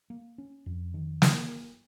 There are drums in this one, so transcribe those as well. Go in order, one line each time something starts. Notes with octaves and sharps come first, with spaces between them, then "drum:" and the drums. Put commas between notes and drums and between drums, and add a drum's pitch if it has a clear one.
A#3
C#4
F2
D#3
drum: snare